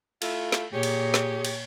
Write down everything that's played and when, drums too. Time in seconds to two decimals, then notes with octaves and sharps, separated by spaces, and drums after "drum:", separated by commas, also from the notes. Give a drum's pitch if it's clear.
0.22 A3 E4 F4, drum: cymbal
0.52 drum: snare
0.73 A#2 G4 G#4 C#5
0.83 drum: cymbal
1.14 drum: snare
1.45 drum: cymbal